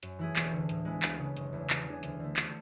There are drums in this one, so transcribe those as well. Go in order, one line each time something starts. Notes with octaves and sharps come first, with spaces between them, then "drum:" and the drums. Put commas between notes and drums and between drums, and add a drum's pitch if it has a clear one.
F#2, drum: hi-hat
E3 A3 E4 G#4
E1, drum: clap
D2 D3
A2, drum: hi-hat
G#3 B3 E4
D2, drum: clap
C#3 G#3 B3
F#1, drum: hi-hat
E2 C#3 E3 A3
C#3, drum: clap
E3 B3 D4 G#4
D2, drum: hi-hat
D3 A3
drum: clap